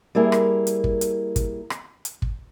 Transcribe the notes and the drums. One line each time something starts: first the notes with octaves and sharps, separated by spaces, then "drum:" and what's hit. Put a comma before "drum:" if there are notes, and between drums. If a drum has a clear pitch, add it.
G3 A#3 E4 G#4 A#4
drum: rim click
drum: hi-hat
drum: kick
drum: hi-hat
drum: kick, hi-hat
drum: rim click
drum: hi-hat
drum: kick